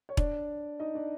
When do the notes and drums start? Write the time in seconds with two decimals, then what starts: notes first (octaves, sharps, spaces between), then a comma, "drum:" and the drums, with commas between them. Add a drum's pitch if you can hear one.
0.09 C#5
0.17 D4 D5, drum: kick E1
0.80 D#4 D#5
0.95 D4 D5